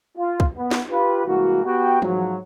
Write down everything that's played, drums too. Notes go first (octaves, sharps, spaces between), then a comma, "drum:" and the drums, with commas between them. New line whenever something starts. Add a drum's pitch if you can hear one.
F4
drum: kick
B3
drum: snare
F4 G4 B4
C2 E3 G#3 A#3 E4 F#4
B3 F#4 G4 G5
G#2 F3 F#3, drum: tom E3